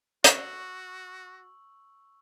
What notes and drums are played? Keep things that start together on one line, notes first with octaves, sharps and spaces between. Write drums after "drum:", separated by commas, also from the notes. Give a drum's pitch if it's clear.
F#4 C#6 E6 F#7, drum: hi-hat